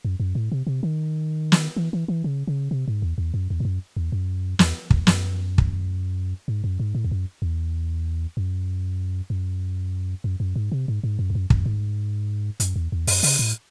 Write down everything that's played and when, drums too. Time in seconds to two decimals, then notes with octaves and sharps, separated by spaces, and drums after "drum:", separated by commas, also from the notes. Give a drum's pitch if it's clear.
0.05 F#2
0.20 F#2
0.35 A2
0.52 C3
0.67 C3
0.83 D#3
1.52 drum: snare
1.77 E3
1.93 E3
2.08 E3
2.24 C#3
2.47 C#3
2.71 C3
2.88 G#2
3.02 E2
3.18 E2
3.34 F#2
3.50 E2
3.60 G#2
3.65 F#2
3.96 E2
4.12 F#2
4.59 E2, drum: snare
4.90 E2, drum: kick
5.07 F#2, drum: snare
5.58 drum: kick
6.48 G#2
6.64 F#2
6.80 G#2
6.95 A2
7.05 E2
7.11 F#2
7.42 E2
8.37 F#2
9.30 F#2
10.24 F#2
10.40 F#2
10.56 G#2
10.72 C3
10.88 G#2
11.04 G#2
11.19 F#2
11.30 E2
11.35 F#2
11.50 F#2, drum: kick
11.66 G#2
12.60 F#2, drum: hi-hat
12.76 E2
12.92 E2
13.07 F#2, drum: open hi-hat
13.23 C#3, drum: open hi-hat
13.39 A2